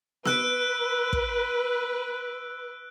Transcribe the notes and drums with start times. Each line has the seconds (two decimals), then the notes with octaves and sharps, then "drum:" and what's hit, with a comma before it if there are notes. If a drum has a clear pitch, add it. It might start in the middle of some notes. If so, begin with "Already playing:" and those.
0.26 B4 E6 F#6 D7, drum: snare B3
1.13 drum: kick